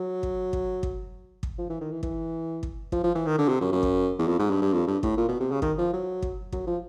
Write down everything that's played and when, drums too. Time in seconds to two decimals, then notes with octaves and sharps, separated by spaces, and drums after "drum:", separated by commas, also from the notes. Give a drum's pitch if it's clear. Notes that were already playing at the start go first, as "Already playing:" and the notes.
Already playing: F#3
0.23 drum: kick
0.53 drum: kick
0.83 drum: kick
1.43 drum: kick
1.58 F3
1.69 E3
1.81 D#3
1.91 E3
2.03 E3, drum: kick
2.63 drum: kick
2.92 F3, drum: kick
3.04 F3
3.15 E3
3.26 D#3
3.38 D3
3.48 C3
3.61 F#2
3.72 F#2
3.83 drum: kick
4.19 E2
4.27 F2
4.39 G#2
4.50 G2
4.62 G2
4.73 F2
4.87 G2
5.03 A2, drum: kick
5.17 A#2
5.28 B2
5.40 C3
5.51 C#3
5.62 D#3, drum: kick
5.78 F3
5.93 F#3
6.22 drum: kick
6.52 F#3, drum: kick
6.67 F3